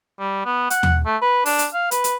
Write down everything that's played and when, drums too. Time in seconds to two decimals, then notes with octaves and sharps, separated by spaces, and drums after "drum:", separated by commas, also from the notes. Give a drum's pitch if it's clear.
0.20 G3
0.45 B3
0.70 F#5, drum: hi-hat
0.83 drum: tom D#2
1.06 A3
1.22 B4
1.46 D4, drum: open hi-hat
1.59 drum: hi-hat
1.74 F5
1.91 B4, drum: hi-hat
2.04 drum: hi-hat